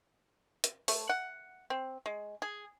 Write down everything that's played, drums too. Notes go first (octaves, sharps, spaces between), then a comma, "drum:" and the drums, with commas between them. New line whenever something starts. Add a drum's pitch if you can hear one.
drum: hi-hat
A3, drum: open hi-hat
F#5
C4
G#3
G#4